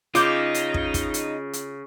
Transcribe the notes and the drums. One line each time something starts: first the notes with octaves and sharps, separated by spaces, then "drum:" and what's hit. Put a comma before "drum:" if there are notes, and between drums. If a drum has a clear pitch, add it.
C#3 D#4 F4 D6 G6, drum: hi-hat
drum: hi-hat
drum: kick
drum: kick, hi-hat
drum: hi-hat
drum: hi-hat